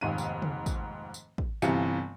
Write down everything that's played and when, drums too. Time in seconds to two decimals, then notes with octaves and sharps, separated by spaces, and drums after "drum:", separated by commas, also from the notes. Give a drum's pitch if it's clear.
0.01 F1 D#2 G#2 D#7
0.18 drum: tambourine
0.42 drum: tom
0.66 drum: kick, tambourine
1.14 drum: tambourine
1.38 drum: kick
1.62 G1 C3 E3 F5 C#7, drum: tambourine